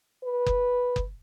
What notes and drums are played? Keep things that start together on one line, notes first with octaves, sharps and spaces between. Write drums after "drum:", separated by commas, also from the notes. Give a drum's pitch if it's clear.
B4
drum: kick F#1
drum: kick F#1